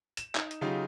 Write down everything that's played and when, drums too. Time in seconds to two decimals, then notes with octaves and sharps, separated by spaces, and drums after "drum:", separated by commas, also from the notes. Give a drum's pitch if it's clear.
0.17 E7, drum: hi-hat
0.35 D#4, drum: clap
0.51 drum: hi-hat
0.61 C#3 F#3 D#4 F4 G4